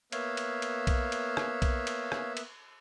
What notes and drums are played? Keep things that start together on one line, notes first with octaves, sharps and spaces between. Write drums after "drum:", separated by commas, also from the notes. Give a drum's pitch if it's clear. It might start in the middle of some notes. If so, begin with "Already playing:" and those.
A#3 B3 C#5 E5 F5, drum: cymbal
drum: cymbal
drum: cymbal
drum: kick B1, cymbal
drum: cymbal
drum: rim click
drum: kick B1, cymbal
drum: cymbal
drum: rim click
drum: cymbal